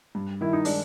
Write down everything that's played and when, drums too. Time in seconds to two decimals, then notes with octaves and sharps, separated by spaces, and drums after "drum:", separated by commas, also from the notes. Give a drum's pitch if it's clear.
0.15 G2
0.41 D#3 E4
0.53 D#4
0.65 G#3 D4, drum: open hi-hat